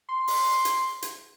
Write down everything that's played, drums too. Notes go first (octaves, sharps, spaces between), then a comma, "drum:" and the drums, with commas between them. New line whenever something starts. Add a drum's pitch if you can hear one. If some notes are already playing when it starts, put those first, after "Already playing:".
C6
drum: open hi-hat
drum: hi-hat
drum: hi-hat